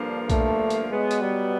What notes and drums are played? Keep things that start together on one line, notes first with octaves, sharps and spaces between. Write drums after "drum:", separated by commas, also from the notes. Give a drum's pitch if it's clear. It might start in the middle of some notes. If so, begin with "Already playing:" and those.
Already playing: G2 D3 F3 A#3 D4
A3, drum: kick B1, hi-hat
drum: hi-hat
B2 F#3 G#3 B3
drum: hi-hat
G3